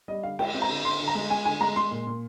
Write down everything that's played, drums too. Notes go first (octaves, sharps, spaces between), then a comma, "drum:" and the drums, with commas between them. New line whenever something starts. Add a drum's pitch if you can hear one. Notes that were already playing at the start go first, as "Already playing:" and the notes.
G3 D#5
D3 F5
G#3 G5, drum: cymbal
C4
A#5
D3
D3 C6
D3
A#5
G#3
G#3 G#5
D3 G#5
G#3 A#5
G#3 C6
A#2
A#2